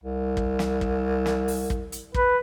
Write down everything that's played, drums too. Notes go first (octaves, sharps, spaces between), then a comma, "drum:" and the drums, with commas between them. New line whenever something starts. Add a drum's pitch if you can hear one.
C2
drum: kick
drum: snare
drum: kick
drum: snare
drum: open hi-hat
drum: kick
drum: hi-hat
B4, drum: kick